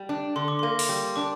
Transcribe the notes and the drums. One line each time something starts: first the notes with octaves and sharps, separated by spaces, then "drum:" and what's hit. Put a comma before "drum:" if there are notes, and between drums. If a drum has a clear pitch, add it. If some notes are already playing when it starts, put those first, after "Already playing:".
Already playing: G3
D4
D3 C6
D6
A#3 C6
drum: open hi-hat
G3
D4 D6